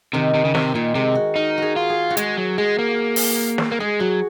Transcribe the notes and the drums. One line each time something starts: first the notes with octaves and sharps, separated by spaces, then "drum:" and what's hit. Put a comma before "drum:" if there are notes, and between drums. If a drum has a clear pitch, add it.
C3 D#3
C3
C#3
C3, drum: snare
A#2 D#3
C3 G#3
F#4
D#4 A#4
F#4 G#4
F4
G#4
F#4
G#3 G#4, drum: hi-hat
F#3
G#3 G#4
A#3
drum: open hi-hat
drum: snare
A#3
G#3 G#4
F#3 F#4